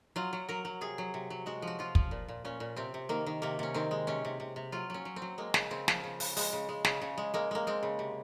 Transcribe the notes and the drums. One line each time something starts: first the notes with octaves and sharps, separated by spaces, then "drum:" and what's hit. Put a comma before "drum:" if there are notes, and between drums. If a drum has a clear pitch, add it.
F#3 F4
F#3
F#3 A#4
F#3
C3 G#4
F#3
C3
F#3
G#3 F#4
F3
F#4
F3 F4
F3, drum: kick
A#2
A#2
A#2 C#4
A#2
C3 C4
C3
D#3 A#3
D#3
C3 A#3
C3 C#4
D#3 C4
G#3
C3 C#4
C3
C3
C3
F#3 F4
F#3 C#4
F#3
C4
F#3
G#3 A#3
C#3, drum: snare
C#3 C4
F3, drum: snare
C#3
C#3, drum: open hi-hat
G#3, drum: open hi-hat
C#3
G#3
C#3, drum: snare
C#3
G#3
G#3 A#3
G#3 A#3
G#3 C4
C#3
C3